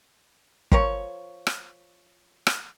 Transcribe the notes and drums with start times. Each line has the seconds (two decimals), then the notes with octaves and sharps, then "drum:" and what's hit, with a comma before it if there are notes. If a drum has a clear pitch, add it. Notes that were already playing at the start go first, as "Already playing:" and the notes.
0.72 F3 A#4 C#5, drum: kick
1.47 drum: rim click
2.47 drum: rim click